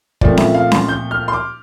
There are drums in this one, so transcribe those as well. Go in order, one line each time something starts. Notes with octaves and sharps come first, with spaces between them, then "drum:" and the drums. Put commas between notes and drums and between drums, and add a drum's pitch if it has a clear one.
A#2 F3 A3 C4 D5, drum: kick
E5, drum: snare C#4
F5
C6, drum: snare C#4
G6
F6
C6
D6